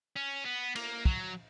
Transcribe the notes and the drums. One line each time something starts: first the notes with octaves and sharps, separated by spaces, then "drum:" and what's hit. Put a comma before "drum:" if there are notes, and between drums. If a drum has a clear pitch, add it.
C#4
B3
A#3, drum: cymbal
F#3, drum: kick